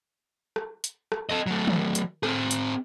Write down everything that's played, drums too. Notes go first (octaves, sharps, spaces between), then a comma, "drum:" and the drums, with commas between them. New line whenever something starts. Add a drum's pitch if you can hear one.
drum: rim click
drum: hi-hat
drum: rim click
A4 D#5
F#3 A3
drum: tom D#3
drum: hi-hat
C4 G#4, drum: rim click
drum: hi-hat